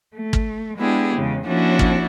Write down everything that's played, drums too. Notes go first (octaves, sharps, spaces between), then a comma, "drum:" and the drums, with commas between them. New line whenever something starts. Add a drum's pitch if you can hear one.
A3
drum: kick
G#3 B3 D4 E4 G4 G#4
E2 C#3 G#3
F3 A#3 C#4 D4 E4 F#4
drum: kick